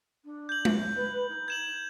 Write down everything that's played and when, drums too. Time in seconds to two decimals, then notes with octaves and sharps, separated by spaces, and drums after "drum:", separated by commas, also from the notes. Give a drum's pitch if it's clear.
0.24 D4
0.49 G6 F#7
0.65 drum: tom G#3
0.96 B4
1.28 D#4
1.48 G#6 E7 F#7